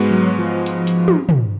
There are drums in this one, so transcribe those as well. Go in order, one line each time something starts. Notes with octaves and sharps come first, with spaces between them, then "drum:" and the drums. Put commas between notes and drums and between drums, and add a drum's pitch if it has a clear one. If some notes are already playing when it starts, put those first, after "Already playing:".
Already playing: G#2 G#3 B3 F#4
F#3
F3
drum: hi-hat
drum: hi-hat
drum: tom
drum: tom